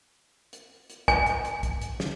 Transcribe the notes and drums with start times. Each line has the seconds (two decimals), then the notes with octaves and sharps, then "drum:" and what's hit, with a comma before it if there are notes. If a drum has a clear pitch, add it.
0.53 drum: hi-hat
0.90 drum: hi-hat
1.08 G#5, drum: kick B1, hi-hat
1.26 drum: hi-hat
1.45 drum: hi-hat
1.63 drum: kick B1, hi-hat
1.81 drum: hi-hat
2.00 drum: snare